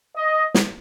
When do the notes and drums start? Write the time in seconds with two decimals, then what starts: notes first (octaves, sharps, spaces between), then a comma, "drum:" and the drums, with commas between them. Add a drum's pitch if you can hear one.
0.15 D#5
0.54 drum: snare